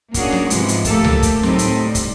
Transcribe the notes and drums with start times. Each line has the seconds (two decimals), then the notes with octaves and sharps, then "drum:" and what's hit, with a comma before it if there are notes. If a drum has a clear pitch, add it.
0.14 A#3 C#4 D4 F#4 G#4, drum: kick, hi-hat
0.32 drum: snare
0.50 G#2 C3 E3 F3 G#3, drum: hi-hat
0.68 drum: hi-hat
0.85 A3 A#3 G4 A4, drum: kick, hi-hat
1.04 drum: tom C#2
1.23 drum: kick, hi-hat
1.43 A2 C3 F#3 C4 D#4 A4, drum: snare
1.59 drum: hi-hat
1.80 G3
1.95 drum: kick, hi-hat